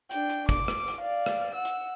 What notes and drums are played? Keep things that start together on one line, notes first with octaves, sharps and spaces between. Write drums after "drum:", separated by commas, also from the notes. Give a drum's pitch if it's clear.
D4 G5, drum: hi-hat
drum: hi-hat
D6, drum: kick, hi-hat
drum: rim click
drum: hi-hat
D5 F5
drum: rim click
F#5 E6
drum: hi-hat